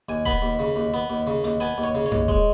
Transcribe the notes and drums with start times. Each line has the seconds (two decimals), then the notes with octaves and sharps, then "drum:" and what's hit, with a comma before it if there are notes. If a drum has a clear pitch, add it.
0.09 D#2 G#5
0.26 B3 B5, drum: kick D#1
0.42 D#2
0.59 C#3
0.76 D#2
0.94 B3
1.10 D#2
1.27 C#3
1.44 D#2, drum: hi-hat
1.60 B3 G#5
1.78 D#2
1.84 C#5
1.95 C#3
2.06 C#5
2.12 D#2, drum: tom F#2
2.28 G#3, drum: kick D#1